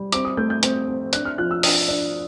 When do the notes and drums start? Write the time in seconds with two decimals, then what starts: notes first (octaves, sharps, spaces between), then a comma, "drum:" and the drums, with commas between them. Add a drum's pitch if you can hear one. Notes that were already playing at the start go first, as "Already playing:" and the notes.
Already playing: G3
0.12 C4 D6, drum: hi-hat
0.25 D#6
0.37 A3 G6
0.50 G6
0.63 C4, drum: hi-hat
0.88 C4
1.13 D4 F#6, drum: hi-hat
1.25 F6
1.38 F3 F#6
1.51 E6
1.63 D4 D#6, drum: open hi-hat
1.88 D4